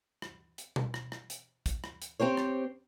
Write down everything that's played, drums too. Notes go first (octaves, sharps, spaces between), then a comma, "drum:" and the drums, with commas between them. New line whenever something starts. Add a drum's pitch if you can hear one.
drum: rim click
drum: hi-hat
drum: tom B2
drum: rim click
drum: rim click
drum: hi-hat
drum: kick, hi-hat
drum: rim click
drum: hi-hat
C4 G4 C5 C#5
drum: rim click